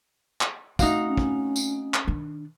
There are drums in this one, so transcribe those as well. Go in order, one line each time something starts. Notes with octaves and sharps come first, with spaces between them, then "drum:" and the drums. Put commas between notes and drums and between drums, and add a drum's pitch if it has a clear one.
drum: clap
A3 C4 D#4 F#4 F5, drum: kick, tambourine
C#4
drum: kick
drum: tambourine
drum: clap
D#3 D4